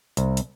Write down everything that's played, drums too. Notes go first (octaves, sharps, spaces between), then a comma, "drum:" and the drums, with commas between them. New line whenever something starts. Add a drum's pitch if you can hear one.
C2, drum: hi-hat
drum: hi-hat